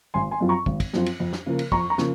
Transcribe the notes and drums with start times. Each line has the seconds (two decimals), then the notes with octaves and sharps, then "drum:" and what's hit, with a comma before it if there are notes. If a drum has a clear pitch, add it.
0.14 G#1 G#5 C6
0.31 G#5 C6
0.40 F#2 F3 C4 F4
0.49 A#5 C#6
0.66 G#1, drum: kick
0.80 drum: kick, cymbal
0.93 F#2 F3 C4 F4, drum: snare
1.06 drum: cymbal
1.20 F2
1.33 drum: snare
1.46 C#3 F3 A#3
1.59 drum: cymbal
1.72 F2 A#5 C#6, drum: kick
1.90 A#5 C#6
1.98 C#3 F3 A#3, drum: snare